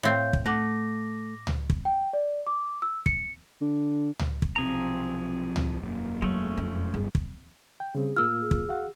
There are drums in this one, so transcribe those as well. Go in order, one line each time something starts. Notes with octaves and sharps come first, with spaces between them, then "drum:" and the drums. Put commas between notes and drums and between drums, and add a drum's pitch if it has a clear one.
A2 C4 C#5 F5 G6
drum: kick
A3 F#5 D6 A#6
drum: tom C#2
drum: kick
G5
D5
D6
E6
C#7, drum: kick
D3
drum: tom C#2
drum: kick
B1 C3 F3 C4 G#4 A#5
drum: tom C#2
E1 F#2 A#3
F#3 G#3 A3 C#4
F2
G1 G#4
drum: kick
G5
C#3 G3 C4 G#4
A2 A#3 F4 E6 F6
G#4
drum: kick
F#4 F5 F#5